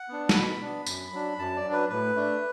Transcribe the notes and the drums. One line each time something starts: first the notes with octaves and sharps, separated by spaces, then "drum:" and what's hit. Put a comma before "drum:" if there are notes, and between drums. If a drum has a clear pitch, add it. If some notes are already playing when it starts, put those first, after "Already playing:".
Already playing: F#5
B3 D4
A5, drum: snare
B2 B5
B3 D4
F#2, drum: tambourine
F#3 D4
F#2 A5
D5
F#3 D4
B4
A2 B4
A3 D4